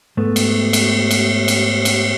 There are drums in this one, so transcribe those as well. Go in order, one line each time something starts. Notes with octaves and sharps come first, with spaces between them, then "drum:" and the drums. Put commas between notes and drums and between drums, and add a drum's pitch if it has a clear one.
G#2 A3 B3
drum: cymbal
drum: cymbal
drum: cymbal
drum: cymbal
drum: cymbal